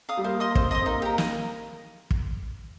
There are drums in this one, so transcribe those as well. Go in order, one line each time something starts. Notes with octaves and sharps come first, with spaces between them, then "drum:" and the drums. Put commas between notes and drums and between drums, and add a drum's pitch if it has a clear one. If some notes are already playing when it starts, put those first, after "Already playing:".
F5 D#6
G3
A#3 C5
D#5 C6 D#6
C4 C5, drum: kick
D#5 C6 D#6
C4
A#3 D#4
G4 A#4
D#4, drum: snare
drum: kick